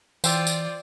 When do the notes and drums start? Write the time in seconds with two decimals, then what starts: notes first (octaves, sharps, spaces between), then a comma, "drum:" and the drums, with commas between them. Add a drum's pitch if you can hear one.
0.24 E3 F4 C5 D5 G5 E6, drum: tambourine
0.47 drum: tambourine